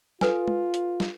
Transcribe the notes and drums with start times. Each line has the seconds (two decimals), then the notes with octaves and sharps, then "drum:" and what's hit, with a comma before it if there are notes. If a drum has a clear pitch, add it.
0.21 F4 A4 B4 G#5, drum: snare
0.48 drum: tom G#3
0.74 drum: hi-hat
1.00 drum: snare